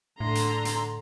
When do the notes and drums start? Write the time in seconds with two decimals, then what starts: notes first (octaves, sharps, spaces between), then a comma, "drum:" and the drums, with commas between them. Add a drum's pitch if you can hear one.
0.20 A2 D3 A#5 C6
0.35 drum: hi-hat
0.65 drum: hi-hat